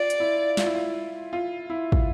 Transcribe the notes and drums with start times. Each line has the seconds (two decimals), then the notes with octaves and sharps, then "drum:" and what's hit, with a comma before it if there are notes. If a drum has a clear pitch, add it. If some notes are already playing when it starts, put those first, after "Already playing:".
Already playing: F4 D5
0.10 drum: hi-hat
0.20 E4
0.57 F4, drum: snare
0.66 E4
0.75 F4
1.33 F4
1.70 E4
1.92 drum: kick